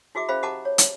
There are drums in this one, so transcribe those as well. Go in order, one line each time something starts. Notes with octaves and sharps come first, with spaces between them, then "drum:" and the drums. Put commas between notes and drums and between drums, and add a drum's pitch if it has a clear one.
E4 F#4 G#4 E5 D6
C#4 G#4 C5 E5 F5 B5
G4 D#5 F#5 A5 A#5 D6
C#5
drum: hi-hat